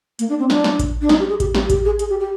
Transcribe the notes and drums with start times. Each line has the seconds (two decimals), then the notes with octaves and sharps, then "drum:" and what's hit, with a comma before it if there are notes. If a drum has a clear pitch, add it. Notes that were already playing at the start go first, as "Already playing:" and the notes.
0.19 A#3, drum: hi-hat
0.29 D4
0.39 C4
0.50 D4, drum: snare
0.64 drum: snare
0.79 drum: kick A1, hi-hat
1.02 D4
1.09 D#4, drum: snare
1.20 G4
1.29 G#4
1.40 G4, drum: kick A1, hi-hat
1.55 G4, drum: snare
1.70 G4, drum: kick A1, hi-hat
1.85 G#4
1.99 G#4, drum: hi-hat
2.10 G4
2.20 G4